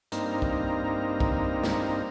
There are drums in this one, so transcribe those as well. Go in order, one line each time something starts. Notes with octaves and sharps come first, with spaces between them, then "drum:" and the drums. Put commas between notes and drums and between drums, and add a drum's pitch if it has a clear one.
G2 A#3 C4 D#4 A#5, drum: hi-hat
drum: kick
drum: kick
drum: snare